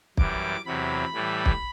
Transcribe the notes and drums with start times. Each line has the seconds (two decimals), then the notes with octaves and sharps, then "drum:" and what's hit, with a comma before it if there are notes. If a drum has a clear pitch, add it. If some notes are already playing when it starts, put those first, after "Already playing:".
0.17 F#2 E3 G3 D6, drum: kick
0.66 E2 C3 F#3 B5
1.13 A2 E3 G3
1.46 drum: kick